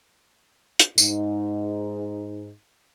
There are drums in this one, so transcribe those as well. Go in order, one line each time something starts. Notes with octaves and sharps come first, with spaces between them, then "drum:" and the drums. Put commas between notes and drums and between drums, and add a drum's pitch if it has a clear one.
drum: hi-hat
G#2 D#4, drum: tambourine